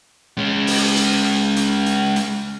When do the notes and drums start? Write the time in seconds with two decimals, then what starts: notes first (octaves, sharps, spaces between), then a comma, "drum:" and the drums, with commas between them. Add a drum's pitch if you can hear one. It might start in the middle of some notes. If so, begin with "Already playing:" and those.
0.37 G#3 C#4
0.67 drum: open hi-hat
0.97 drum: hi-hat
1.56 drum: hi-hat
1.86 drum: hi-hat
2.16 drum: hi-hat